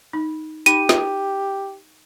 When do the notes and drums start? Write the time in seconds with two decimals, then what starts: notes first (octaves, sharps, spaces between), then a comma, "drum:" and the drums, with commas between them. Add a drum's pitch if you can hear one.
0.13 D#4
0.66 D#4 G4 B5 D#7, drum: hi-hat
0.89 drum: snare